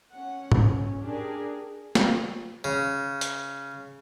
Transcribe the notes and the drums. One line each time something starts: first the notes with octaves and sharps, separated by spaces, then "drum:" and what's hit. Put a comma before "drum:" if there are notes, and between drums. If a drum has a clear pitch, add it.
C#4 F#5
C#4, drum: tom
D4 G4 G#4 A#4
drum: snare
C#3
drum: hi-hat